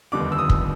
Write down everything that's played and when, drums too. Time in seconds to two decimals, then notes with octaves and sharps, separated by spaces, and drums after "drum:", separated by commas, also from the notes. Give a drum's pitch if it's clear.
0.12 F1 D#2 D3 G3 B3 D6
0.32 E6
0.38 D#6
0.49 drum: kick